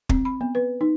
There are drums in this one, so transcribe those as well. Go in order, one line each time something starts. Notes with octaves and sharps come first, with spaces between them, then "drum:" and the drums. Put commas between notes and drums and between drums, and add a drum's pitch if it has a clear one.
C4, drum: kick
B5
B3
B4
D#4